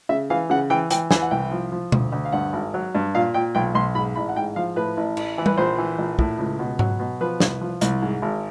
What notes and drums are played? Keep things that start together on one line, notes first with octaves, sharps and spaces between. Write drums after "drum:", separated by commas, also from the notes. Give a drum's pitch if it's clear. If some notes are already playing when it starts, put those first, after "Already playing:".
C#3 E5
E3 F5
C#3 F#5
E3 G5
E3 G5, drum: hi-hat
E3 G#5, drum: snare
F#5
C2 G5
F3
F3
D2, drum: tom B2
D2
F5
G2 F#5
G#1
F#3
G2
A#2 F5
A#2 G5
B1 G5
B1 C6
G#2 B5
A1 B5
F#5
G#2 G5
F3 F5
A2 B4
A1
A1, drum: cymbal
E3
B4, drum: tom G3
A#1 C5
E3
A#1
A2, drum: kick
C#2
B2
F#3, drum: tom G#2
B2
F3 B4
C2, drum: snare
F3
C2, drum: hi-hat
G#2
G#1